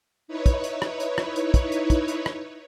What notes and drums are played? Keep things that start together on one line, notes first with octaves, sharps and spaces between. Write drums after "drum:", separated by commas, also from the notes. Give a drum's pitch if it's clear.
D#4 E4 B4 C#5
drum: kick, hi-hat
drum: hi-hat
drum: rim click
drum: hi-hat
drum: rim click
drum: hi-hat
drum: kick, hi-hat
drum: hi-hat
drum: kick, hi-hat
drum: hi-hat
drum: rim click